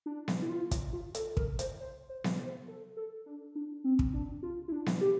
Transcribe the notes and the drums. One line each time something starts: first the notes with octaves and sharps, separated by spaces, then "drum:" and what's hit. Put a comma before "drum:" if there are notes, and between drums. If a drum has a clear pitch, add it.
D4
drum: snare B3
E4
F4
drum: kick, hi-hat
F4
A4, drum: hi-hat
A#4, drum: kick
C5, drum: hi-hat
C5
C5
drum: snare B3
C5
A4
A4
D4
D4
C4
drum: kick
D4
F4
E4
D4
drum: snare B3
G4